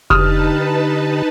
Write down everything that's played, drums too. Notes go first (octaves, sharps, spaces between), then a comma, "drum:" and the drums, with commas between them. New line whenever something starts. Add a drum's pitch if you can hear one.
D3 D#4 G4 B4 A5 D#6 F6, drum: kick F1